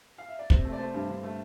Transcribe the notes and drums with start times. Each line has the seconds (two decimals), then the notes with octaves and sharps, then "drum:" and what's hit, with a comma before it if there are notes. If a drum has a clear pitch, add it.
0.18 F5
0.29 E5
0.39 D5
0.50 C3 C5, drum: kick
0.65 A3
0.73 D5
0.79 A3 C5
0.94 G2
1.09 D3
1.23 A3